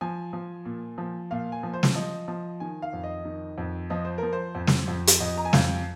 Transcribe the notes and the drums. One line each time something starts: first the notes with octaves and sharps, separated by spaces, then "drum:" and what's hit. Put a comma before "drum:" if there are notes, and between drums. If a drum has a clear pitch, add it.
F3 G#5
F3
A#2
F3
A#2 F5
G#5
F3
C5
drum: snare
F3 D#5
F3
D#3 G#5
F5
F2
D#5
D#3
F2
F3 D#5
C5
F3 A#4
C5
F2
drum: snare
F2
drum: hi-hat
F2 D#5
A#5
G#5
F2 F5, drum: snare